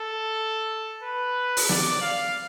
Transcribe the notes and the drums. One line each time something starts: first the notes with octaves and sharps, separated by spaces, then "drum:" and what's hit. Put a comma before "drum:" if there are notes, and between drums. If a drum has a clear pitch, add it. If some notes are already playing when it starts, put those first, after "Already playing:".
Already playing: A4
B4
drum: open hi-hat
D5, drum: snare
F5